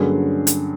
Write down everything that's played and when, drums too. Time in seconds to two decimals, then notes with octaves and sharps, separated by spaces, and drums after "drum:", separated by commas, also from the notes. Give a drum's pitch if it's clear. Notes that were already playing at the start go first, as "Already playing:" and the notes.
Already playing: G2 D3 F#3 A#3 C#4 G#4
0.47 drum: hi-hat